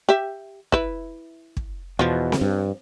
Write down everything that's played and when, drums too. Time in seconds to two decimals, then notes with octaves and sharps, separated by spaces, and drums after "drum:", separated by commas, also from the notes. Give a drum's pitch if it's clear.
0.09 G4 E5
0.72 E4 B4, drum: kick
1.57 drum: kick
1.99 E2 B2 F3 F4
2.32 drum: snare C4
2.41 G2